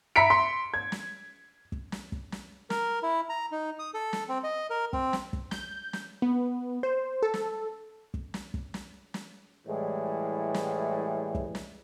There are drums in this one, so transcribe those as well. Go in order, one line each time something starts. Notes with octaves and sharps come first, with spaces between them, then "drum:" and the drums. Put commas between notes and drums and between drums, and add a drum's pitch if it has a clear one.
E5 A#5 B5 B6 C#7 D7
C6
G#6
drum: snare
drum: kick
drum: snare
drum: kick
drum: snare
A#4, drum: snare
E4
A#5
D#4
D#6
A4
drum: snare
C4
D#5
A#4
C4, drum: kick
drum: snare
drum: kick
G6, drum: snare
drum: snare
B3
C5
A4
drum: snare
drum: kick
drum: snare
drum: kick
drum: snare
drum: snare
A2 E3 G3 G#3
drum: snare
drum: kick
drum: snare